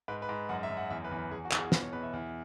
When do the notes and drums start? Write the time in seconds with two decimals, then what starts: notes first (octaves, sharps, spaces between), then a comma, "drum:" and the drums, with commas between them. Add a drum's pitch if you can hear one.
0.08 G#2 B4
0.22 B4
0.29 G#2
0.49 F#2 F#5
0.63 E5
0.70 F#2
0.77 F#5
0.90 E2 E5
1.05 B4
1.11 E2
1.18 B4
1.31 E2 G#4
1.45 F#4
1.52 E2, drum: clap
1.58 G#4
1.72 B2 B4, drum: snare
1.83 C#5
1.93 B2 B4
2.03 E5
2.13 E2